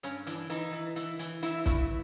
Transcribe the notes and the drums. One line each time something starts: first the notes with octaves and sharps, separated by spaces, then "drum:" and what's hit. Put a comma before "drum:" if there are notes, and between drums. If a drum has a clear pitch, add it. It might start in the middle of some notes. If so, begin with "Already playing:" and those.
G2 C#4, drum: hi-hat
E3 D4, drum: hi-hat
E3 D#4, drum: hi-hat
E3
E3, drum: hi-hat
E3, drum: hi-hat
E3 E4, drum: hi-hat
G2, drum: kick, hi-hat